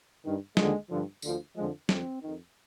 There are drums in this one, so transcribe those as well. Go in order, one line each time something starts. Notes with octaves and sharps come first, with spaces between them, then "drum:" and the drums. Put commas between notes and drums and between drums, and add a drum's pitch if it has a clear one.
G2 D#3
D#2 D3 F3 G#3, drum: snare
G2 D3 F3
D2 D3 F3, drum: tambourine
F2 D3 F3 G#3
F2 D3 F3 C4, drum: snare
F2 D#3